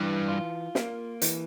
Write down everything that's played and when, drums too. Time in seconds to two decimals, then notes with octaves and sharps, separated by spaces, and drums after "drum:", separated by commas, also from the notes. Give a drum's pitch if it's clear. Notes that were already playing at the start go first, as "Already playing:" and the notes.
Already playing: G2 E3
0.28 F4
0.75 A#3, drum: snare
1.22 E3, drum: hi-hat